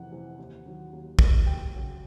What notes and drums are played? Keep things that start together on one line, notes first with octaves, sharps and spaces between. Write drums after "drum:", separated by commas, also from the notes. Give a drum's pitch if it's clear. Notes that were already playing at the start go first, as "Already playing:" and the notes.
Already playing: F2 C3 E3 F#5
C3 E3
D#2
D#3 F#3
D#2
D#3 F#3, drum: kick
D#2 G5
C#3 F#3